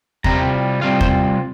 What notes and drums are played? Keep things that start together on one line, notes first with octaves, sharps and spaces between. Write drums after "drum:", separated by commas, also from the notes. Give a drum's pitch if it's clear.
C3 G3 C4 F4 A#5, drum: kick
C3 G3 C4 F4 F5
C5, drum: kick